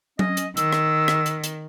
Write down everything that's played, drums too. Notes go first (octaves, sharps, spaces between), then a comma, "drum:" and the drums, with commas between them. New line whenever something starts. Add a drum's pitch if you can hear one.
C#4 D#5, drum: tom F#3
drum: hi-hat
D#3 E6, drum: hi-hat
drum: rim click
drum: rim click
drum: hi-hat
drum: hi-hat